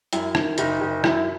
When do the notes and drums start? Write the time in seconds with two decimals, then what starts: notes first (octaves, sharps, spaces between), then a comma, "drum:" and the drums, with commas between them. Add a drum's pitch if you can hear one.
0.13 F#2 E4, drum: hi-hat
0.35 D#3, drum: rim click
0.58 F#1 D#4, drum: hi-hat
0.81 F#1
1.04 F#2 E4, drum: rim click